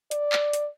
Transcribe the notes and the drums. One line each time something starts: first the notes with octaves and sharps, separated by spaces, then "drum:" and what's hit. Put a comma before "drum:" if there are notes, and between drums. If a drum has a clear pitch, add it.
D5, drum: hi-hat
drum: clap
drum: hi-hat